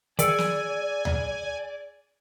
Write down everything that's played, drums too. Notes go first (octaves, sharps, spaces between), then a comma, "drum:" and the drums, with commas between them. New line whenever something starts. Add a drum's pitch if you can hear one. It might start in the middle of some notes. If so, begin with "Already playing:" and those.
D#3 G#4 D5 G#5 E6 C#7, drum: hi-hat
drum: snare
drum: tom D2